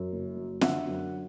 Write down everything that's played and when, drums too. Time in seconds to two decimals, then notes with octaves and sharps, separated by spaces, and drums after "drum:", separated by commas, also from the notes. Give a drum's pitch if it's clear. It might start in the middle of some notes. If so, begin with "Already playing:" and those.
Already playing: F#2
0.12 F#1
0.36 F#3
0.61 D3 E5 F#5, drum: snare
0.87 F#2